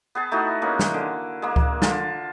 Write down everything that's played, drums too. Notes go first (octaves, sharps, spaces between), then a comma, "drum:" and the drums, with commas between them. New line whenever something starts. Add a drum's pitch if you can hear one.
B3 G#4 A5
A3 D#4 E4 F#4
G#3 A#3 C#4
drum: snare
D3
G#3 A#3
drum: kick C#2
D3 F4 A5, drum: snare